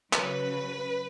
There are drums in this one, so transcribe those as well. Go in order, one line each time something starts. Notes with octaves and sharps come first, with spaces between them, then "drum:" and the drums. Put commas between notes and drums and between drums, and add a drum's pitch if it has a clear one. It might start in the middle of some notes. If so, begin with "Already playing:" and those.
C#3 F#3 B4, drum: clap